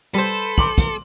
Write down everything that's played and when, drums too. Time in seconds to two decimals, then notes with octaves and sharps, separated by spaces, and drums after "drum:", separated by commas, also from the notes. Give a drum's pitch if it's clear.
0.14 G3 A4 B4 C5
0.58 C6 D6 F#7, drum: kick
0.78 drum: kick, hi-hat